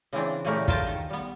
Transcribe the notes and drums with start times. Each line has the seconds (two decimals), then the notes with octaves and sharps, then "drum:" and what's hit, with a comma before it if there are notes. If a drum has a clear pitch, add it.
0.13 C#3 E3 C4 D4
0.45 A#2 C#3 E3 A3 G4 A#4
0.68 F4 A#4 B4 G5 A5, drum: kick
0.86 D#3
1.10 G3 B3